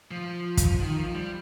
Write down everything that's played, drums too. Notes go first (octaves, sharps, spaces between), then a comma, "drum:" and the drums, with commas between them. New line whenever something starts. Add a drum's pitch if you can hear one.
F3
drum: kick, hi-hat
D#3
F3
G3